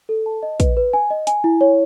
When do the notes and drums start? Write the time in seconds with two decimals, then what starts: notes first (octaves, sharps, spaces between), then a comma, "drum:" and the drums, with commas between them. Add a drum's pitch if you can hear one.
0.09 A4
0.26 A5
0.43 D#5
0.60 B4, drum: kick, hi-hat
0.77 B4
0.93 G#5
1.10 D#5
1.27 G#5, drum: hi-hat
1.44 E4
1.61 C#5